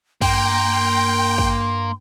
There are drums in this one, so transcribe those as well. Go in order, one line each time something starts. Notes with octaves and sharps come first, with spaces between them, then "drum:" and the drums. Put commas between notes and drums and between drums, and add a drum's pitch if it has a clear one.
G2 A#3 G5 C6, drum: kick
drum: kick